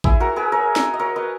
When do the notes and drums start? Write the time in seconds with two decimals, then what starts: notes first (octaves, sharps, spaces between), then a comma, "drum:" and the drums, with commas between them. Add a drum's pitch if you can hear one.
0.04 E4 G#4, drum: kick A1
0.20 F#4 A#4
0.36 G#4 B4
0.52 A#4 C#5
0.76 drum: snare
0.94 D#5
0.99 A#4 C#5
1.16 B4 D#5